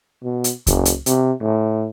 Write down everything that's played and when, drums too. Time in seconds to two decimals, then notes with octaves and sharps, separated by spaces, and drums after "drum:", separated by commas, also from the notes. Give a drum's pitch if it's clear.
0.24 B2
0.44 drum: hi-hat
0.67 F#1, drum: kick C#2, hi-hat
0.85 drum: hi-hat
1.06 C3, drum: hi-hat
1.41 A2